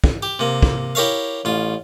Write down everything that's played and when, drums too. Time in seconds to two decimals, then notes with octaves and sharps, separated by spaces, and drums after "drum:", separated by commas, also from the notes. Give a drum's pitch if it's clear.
0.04 drum: kick
0.23 G4
0.39 C3 A#3
0.62 drum: kick
0.95 E4 G4 A#4 C#5 E5 F5
1.45 A1 F4